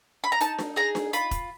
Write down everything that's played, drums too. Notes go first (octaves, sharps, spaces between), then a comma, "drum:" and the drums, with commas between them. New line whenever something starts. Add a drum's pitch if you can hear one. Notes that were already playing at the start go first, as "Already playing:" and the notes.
B5
A#5
D#4 A5, drum: hi-hat
drum: snare D4
G#4 A#5
drum: snare D4
F4 B5, drum: hi-hat
drum: kick E1, hi-hat